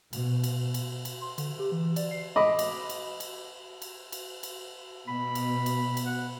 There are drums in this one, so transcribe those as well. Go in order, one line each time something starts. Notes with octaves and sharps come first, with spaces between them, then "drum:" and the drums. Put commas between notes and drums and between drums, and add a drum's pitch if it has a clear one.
B2, drum: cymbal
drum: cymbal
drum: cymbal
drum: cymbal
C6
D3, drum: cymbal
G4
E3
D5, drum: cymbal
C7
D#5 B5 D6
drum: cymbal
drum: cymbal
drum: cymbal
drum: cymbal
drum: cymbal
drum: cymbal
B2 B5
drum: cymbal
drum: cymbal
drum: cymbal
F#5